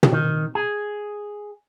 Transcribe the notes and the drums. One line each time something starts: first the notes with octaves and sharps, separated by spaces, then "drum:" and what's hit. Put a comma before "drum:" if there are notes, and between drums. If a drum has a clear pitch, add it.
drum: tom
D#3
G#4